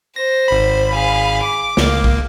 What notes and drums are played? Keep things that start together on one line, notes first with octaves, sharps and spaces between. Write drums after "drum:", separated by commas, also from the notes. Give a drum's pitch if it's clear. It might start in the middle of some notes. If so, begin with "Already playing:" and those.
C5 A#6
G#1 B5
G#4 F5
D6
C#2 A#3, drum: snare
drum: kick